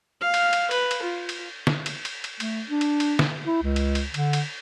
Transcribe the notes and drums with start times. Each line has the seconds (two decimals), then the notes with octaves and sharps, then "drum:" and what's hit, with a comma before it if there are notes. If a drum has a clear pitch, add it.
0.21 F5
0.34 drum: cymbal
0.53 drum: cymbal
0.71 B4, drum: cymbal
0.91 drum: cymbal
1.03 F4
1.29 drum: cymbal
1.67 drum: snare
1.86 drum: cymbal
2.05 drum: cymbal
2.24 drum: cymbal
2.40 A3, drum: cymbal
2.68 D4
2.81 drum: cymbal
3.00 drum: cymbal
3.19 drum: snare
3.46 E4
3.63 C#2
3.76 drum: cymbal
3.95 drum: cymbal
4.14 D3, drum: cymbal
4.33 drum: cymbal